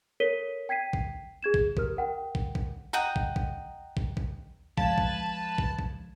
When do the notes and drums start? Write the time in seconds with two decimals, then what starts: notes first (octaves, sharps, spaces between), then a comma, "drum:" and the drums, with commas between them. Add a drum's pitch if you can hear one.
0.20 A4 A#4 C#5 B6 D#7 G7
0.69 G5 G#6 B6 C7 D#7
0.93 drum: kick
1.43 G#4 G#6 E7
1.54 drum: kick
1.77 G4 A#4 F6, drum: kick
1.97 A#4 F#5 G5
2.35 drum: kick
2.55 drum: kick
2.93 D#5 F#5 G5 A#5
3.16 drum: kick
3.36 drum: kick
3.97 drum: kick
4.17 drum: kick
4.78 F3 G#3 B4 F5 A5 G#6, drum: kick
4.98 drum: kick
5.58 drum: kick
5.79 drum: kick